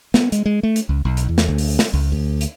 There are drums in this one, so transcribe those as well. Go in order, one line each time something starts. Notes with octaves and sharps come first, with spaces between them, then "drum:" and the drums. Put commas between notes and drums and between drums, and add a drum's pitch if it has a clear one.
B3, drum: snare
G#3, drum: hi-hat
G#3
A3
drum: hi-hat
C#2
B1
drum: hi-hat
E2
drum: snare
D2
drum: open hi-hat
drum: snare
C#2
D2
drum: hi-hat